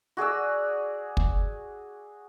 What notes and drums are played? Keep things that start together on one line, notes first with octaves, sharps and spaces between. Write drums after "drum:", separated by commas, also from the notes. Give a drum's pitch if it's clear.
F#4 G#4 D5 E6
drum: kick